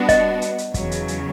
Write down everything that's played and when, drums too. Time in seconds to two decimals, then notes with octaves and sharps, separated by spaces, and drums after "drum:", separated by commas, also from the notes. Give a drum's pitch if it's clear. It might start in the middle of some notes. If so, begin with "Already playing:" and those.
Already playing: G3 B3 D4 F#4
0.09 D#5, drum: kick, hi-hat
0.42 drum: hi-hat
0.58 drum: hi-hat
0.74 E2 C#3 F#3, drum: kick, hi-hat
0.91 drum: hi-hat
1.08 drum: hi-hat